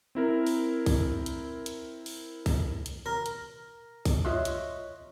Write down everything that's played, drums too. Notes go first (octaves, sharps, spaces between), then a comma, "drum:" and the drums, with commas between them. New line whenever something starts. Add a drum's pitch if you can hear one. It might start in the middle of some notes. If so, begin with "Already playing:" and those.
C4 E4 A#4
drum: open hi-hat
drum: kick C2, open hi-hat
drum: hi-hat
drum: hi-hat
drum: open hi-hat
drum: kick C2, open hi-hat
drum: hi-hat
A#4
drum: hi-hat
drum: kick C2, open hi-hat
F4 C#5 D#5 E5 C6 F#6
drum: hi-hat